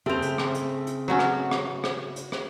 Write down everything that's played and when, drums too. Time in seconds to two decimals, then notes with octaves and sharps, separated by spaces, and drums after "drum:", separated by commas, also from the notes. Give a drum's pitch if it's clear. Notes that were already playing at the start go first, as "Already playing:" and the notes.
0.06 C#3 A3 C4 C5 F7
0.22 drum: hi-hat
0.38 drum: rim click
0.55 drum: hi-hat
0.87 drum: hi-hat
1.08 F#3 A3 B3 C#4 F#4
1.19 drum: rim click
1.51 drum: rim click
1.84 drum: rim click
2.16 drum: hi-hat
2.32 drum: rim click